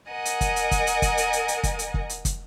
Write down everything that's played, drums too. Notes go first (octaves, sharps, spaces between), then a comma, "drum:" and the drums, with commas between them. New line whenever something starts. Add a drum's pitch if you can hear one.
A#4 D#5 F#5 G#5
drum: hi-hat
drum: kick, hi-hat
drum: hi-hat
drum: kick, hi-hat
drum: hi-hat
drum: kick, hi-hat
drum: hi-hat
drum: hi-hat
drum: hi-hat
drum: kick, hi-hat
drum: hi-hat
drum: kick
drum: hi-hat
drum: kick, hi-hat